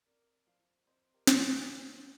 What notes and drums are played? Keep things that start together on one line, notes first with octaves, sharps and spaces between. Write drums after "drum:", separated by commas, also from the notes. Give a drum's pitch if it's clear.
F2 A#4 D5
F3 D5 F5
F2 C5 D#5
G4 A#4
D3, drum: snare
G4 A#4
F2 D#4 G4